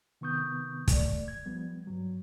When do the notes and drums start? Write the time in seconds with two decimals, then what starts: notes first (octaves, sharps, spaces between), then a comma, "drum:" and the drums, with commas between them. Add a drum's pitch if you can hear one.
0.21 C3 D#3 B3 C#6 D#6 G6
0.88 A3 D5, drum: kick, hi-hat
1.28 G#6
1.46 F3 G3 B3
1.87 G2 F#3